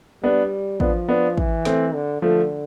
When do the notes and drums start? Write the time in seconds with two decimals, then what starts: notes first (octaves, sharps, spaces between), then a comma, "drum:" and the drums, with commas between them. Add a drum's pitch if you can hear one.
0.23 G3 B3 D4
0.80 F3 B3 D4, drum: kick
1.09 B3 D4
1.37 E3, drum: kick
1.65 A3 C4, drum: snare
1.94 D3
2.22 D3 F3 A3